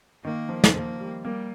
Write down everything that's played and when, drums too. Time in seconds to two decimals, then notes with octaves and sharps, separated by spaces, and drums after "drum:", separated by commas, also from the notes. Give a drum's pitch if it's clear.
0.24 D#3 A#3
0.49 F3
0.64 drum: snare
0.74 F3 A#3
1.00 G3
1.25 G3 A#3